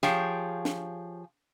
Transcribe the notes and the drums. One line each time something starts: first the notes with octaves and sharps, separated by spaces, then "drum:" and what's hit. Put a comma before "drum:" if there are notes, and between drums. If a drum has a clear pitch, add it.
F3 G4 G#4 C#5, drum: snare
drum: snare